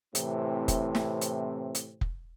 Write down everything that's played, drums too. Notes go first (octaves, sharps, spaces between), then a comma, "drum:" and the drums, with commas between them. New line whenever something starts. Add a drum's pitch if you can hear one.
A2 C3 E3 C4, drum: hi-hat
drum: kick F1, hi-hat
drum: snare
drum: hi-hat
drum: hi-hat
drum: kick F1